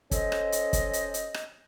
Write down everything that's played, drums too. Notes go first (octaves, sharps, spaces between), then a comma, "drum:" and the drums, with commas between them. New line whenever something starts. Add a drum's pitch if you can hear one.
C#4 A4 C5 D#5, drum: kick, hi-hat
drum: rim click
drum: hi-hat
drum: kick, hi-hat
drum: hi-hat
drum: hi-hat
drum: rim click